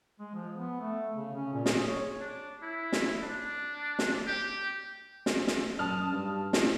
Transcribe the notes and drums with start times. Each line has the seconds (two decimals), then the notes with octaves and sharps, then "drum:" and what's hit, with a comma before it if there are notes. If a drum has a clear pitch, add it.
0.20 G#3
0.35 F3
0.56 B3
0.80 A3
1.14 C#3
1.36 C#4
1.53 A#2
1.66 G#4, drum: snare
1.87 C#5
2.21 D4
2.62 E4
2.92 drum: snare
3.23 D4
3.99 drum: snare
4.27 G4
5.26 drum: snare
5.47 drum: snare
5.79 F#2 A5 D#6 F6
6.12 G2
6.53 A2, drum: snare